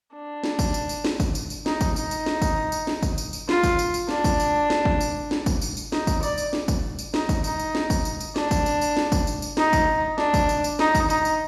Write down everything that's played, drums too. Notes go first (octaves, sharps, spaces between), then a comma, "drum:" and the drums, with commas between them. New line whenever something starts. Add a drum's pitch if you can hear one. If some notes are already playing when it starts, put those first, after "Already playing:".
D4
drum: snare
drum: kick, tambourine
drum: tambourine
drum: tambourine
drum: snare
drum: kick, tambourine
drum: tambourine
drum: tambourine
D#4, drum: snare
drum: kick, tambourine
D#4, drum: tambourine
drum: tambourine
drum: snare
drum: kick, tambourine
drum: tambourine
drum: snare
drum: kick, tambourine
drum: tambourine
drum: tambourine
F4, drum: snare
drum: kick, tambourine
drum: tambourine
drum: tambourine
D4, drum: snare
drum: kick, tambourine
drum: tambourine
drum: snare
drum: kick
drum: tambourine
drum: snare
drum: kick, tambourine
drum: tambourine
drum: tambourine
D#4, drum: snare
drum: kick, tambourine
D5, drum: tambourine
drum: tambourine
drum: snare
drum: kick, tambourine
drum: tambourine
D#4, drum: snare
drum: kick, tambourine
D#4, drum: tambourine
drum: tambourine
drum: snare
drum: kick, tambourine
drum: tambourine
drum: tambourine
D4, drum: snare
drum: kick, tambourine
drum: tambourine
drum: tambourine
drum: snare
drum: kick, tambourine
drum: tambourine
drum: tambourine
D#4, drum: snare
drum: kick, tambourine
D4, drum: snare
drum: kick, tambourine
drum: tambourine
drum: tambourine
D#4, drum: snare
drum: kick, tambourine
D#4, drum: tambourine
drum: tambourine